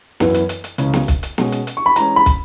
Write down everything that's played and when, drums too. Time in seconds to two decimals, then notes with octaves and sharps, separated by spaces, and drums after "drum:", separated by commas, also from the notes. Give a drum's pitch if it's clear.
0.20 F#2 E3 B3 E4 B4, drum: snare
0.35 drum: hi-hat
0.49 drum: hi-hat
0.64 drum: hi-hat
0.78 C#2 C#3 E3 G#3 C#4, drum: hi-hat
0.93 drum: snare
1.08 drum: kick, hi-hat
1.23 drum: hi-hat
1.38 B2 G#3 C#4, drum: snare
1.52 drum: hi-hat
1.67 drum: hi-hat
1.77 C#6
1.86 B5
1.96 E3 G#3 C#4 A#5, drum: hi-hat
2.16 B5
2.26 drum: kick, hi-hat